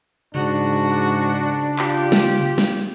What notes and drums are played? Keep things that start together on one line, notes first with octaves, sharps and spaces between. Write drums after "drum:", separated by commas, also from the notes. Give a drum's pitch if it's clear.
G#2 C#3 D4 F#4
F4 G4, drum: clap
drum: tambourine
drum: snare
drum: snare